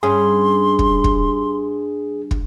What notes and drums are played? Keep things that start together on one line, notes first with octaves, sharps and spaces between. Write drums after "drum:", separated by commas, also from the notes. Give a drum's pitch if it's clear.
G2 C#4 G#4 C6
drum: kick
drum: kick
drum: kick